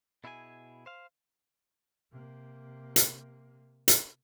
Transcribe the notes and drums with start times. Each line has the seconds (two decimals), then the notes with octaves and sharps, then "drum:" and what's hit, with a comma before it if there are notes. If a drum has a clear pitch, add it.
0.24 B2 E4 G#4 A4 G#5
0.86 C5 F5
2.11 C3 A#3
2.96 drum: hi-hat
3.88 drum: hi-hat